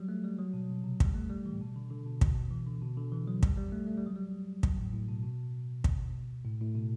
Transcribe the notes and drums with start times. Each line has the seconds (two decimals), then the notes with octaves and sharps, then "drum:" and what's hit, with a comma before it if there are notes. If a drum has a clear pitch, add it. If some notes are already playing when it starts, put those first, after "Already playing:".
Already playing: F#3 G3
0.09 A3
0.24 G3
0.39 F#3
0.54 B2
0.70 B2
0.84 C3
1.00 G3, drum: kick
1.14 A3
1.30 G3
1.46 E3
1.53 A2
1.61 B2
1.76 D3
1.91 D3
2.06 B2
2.21 B2, drum: kick
2.51 E3
2.66 D3
2.82 B2
2.97 D3
3.12 E3
3.27 F#3
3.43 G3, drum: kick
3.57 G3
3.72 A3
3.87 A3
3.98 G3
4.06 F#3
4.16 G3
4.63 F#3, drum: kick
4.78 A2
4.93 A2
5.09 B2
5.23 B2
5.84 drum: kick
6.45 A2
6.61 A2
6.75 B2